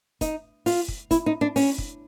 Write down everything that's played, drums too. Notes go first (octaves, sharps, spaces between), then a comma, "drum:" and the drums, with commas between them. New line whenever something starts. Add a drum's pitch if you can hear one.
D#4, drum: kick, hi-hat
F4, drum: open hi-hat
drum: kick
E4, drum: kick, hi-hat
D#4
D4
C#4, drum: open hi-hat
drum: kick